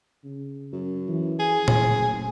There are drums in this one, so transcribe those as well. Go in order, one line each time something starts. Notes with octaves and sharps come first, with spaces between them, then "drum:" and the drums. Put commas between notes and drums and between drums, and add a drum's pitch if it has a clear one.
C#3
F#2
E3
G#4
drum: tom A#2
F#1 A3